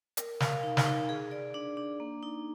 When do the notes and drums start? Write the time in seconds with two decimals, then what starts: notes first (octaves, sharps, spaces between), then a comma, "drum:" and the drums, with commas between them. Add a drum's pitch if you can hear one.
0.17 A#4, drum: hi-hat
0.40 F5, drum: snare
0.63 D#4
0.77 drum: snare
0.86 D#4
1.09 G#4
1.31 D5
1.54 D4
1.77 D4
2.00 A#3
2.23 D#4